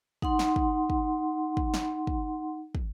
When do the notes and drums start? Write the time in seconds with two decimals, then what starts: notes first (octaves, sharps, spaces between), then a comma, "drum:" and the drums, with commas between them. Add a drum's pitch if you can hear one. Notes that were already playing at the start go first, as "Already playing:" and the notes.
0.22 D#4 F#5 C6, drum: kick
0.39 drum: snare
0.56 drum: kick
0.90 drum: kick
1.57 drum: kick
1.74 drum: snare
2.07 drum: kick
2.75 drum: kick